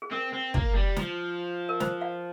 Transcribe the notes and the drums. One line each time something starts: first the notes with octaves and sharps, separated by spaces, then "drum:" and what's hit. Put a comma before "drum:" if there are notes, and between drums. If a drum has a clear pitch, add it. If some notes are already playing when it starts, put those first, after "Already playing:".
G#4
C4 A#4
C4
A#3, drum: kick
G3
F3, drum: snare
A#4
C5, drum: snare
F5